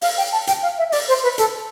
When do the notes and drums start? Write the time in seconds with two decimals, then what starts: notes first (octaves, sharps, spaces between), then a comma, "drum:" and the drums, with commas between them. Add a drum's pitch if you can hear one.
0.01 F5, drum: open hi-hat
0.17 G5
0.32 A5
0.47 G5, drum: hi-hat
0.62 F5
0.78 E5
0.89 E5
0.92 D5, drum: open hi-hat
1.08 C5
1.23 B4
1.38 A4, drum: hi-hat